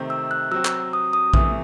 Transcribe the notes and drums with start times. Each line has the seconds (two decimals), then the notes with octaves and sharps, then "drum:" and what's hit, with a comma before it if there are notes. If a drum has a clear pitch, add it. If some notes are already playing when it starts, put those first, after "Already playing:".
Already playing: C3 D#3 A3 C4
0.10 E6
0.31 F#6
0.51 F#3 C4 F#4 E6
0.65 drum: clap
0.93 D#6
1.13 D#6
1.34 C3 E3 A3, drum: kick A#1